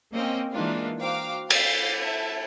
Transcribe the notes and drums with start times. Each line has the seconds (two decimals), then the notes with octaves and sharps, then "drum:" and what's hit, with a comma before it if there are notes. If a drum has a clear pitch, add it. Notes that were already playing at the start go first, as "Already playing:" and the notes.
0.12 A#3 C4 C#4 D#5 G5
0.51 E3 G#3 A#3 D4 D#4 F4
1.00 F#4 C5 F5 G5 A#5 D6
1.50 D5 F5 G6 A6 B6 C7, drum: cymbal
2.00 E5 A5